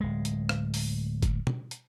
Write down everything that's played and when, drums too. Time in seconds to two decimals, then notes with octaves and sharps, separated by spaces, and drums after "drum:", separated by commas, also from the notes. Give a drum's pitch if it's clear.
0.01 D1 G#3
0.25 drum: hi-hat
0.49 drum: rim click
0.74 drum: open hi-hat
1.22 drum: kick, hi-hat
1.47 drum: tom
1.71 drum: hi-hat